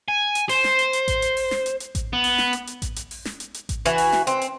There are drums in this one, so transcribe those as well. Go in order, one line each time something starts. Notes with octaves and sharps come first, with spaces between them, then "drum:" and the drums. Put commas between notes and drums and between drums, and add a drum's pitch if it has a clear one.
G#5
drum: hi-hat
C5, drum: open hi-hat
drum: snare
drum: hi-hat
drum: hi-hat
drum: kick A1, hi-hat
drum: hi-hat
drum: open hi-hat
drum: snare
drum: hi-hat
drum: hi-hat
drum: kick A1, hi-hat
B3
drum: open hi-hat
drum: snare
drum: hi-hat
drum: hi-hat
drum: kick A1, hi-hat
drum: hi-hat
drum: open hi-hat
drum: snare
drum: hi-hat
drum: hi-hat
drum: kick A1, hi-hat
E3 F#4, drum: hi-hat
drum: open hi-hat
drum: snare
C4, drum: hi-hat
drum: hi-hat